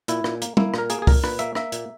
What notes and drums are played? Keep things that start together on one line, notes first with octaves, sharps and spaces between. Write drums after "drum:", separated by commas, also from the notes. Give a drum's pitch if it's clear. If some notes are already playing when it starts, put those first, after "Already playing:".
A#2 E4, drum: hi-hat
A#2, drum: rim click
A#3, drum: hi-hat
A#3 E4, drum: tom
A#2 A#4, drum: rim click
A#3 G#4, drum: hi-hat
G#4
A#2 A#4, drum: kick, open hi-hat
A#2 B4, drum: rim click
A#3 E5, drum: hi-hat
A#3 E5, drum: rim click
A#2, drum: hi-hat